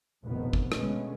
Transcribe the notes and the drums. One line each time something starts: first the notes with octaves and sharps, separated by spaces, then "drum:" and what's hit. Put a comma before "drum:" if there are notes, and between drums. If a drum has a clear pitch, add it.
F1 A#1 B2 D#3 F3 B3
drum: kick
B2 D3 G#3 A3 B3 C#4, drum: rim click